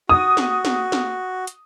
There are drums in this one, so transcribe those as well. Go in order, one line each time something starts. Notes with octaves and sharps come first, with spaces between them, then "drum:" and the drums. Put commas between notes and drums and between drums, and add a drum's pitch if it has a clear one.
F#4 D#6
drum: snare A#3
drum: snare A#3
drum: snare A#3
drum: hi-hat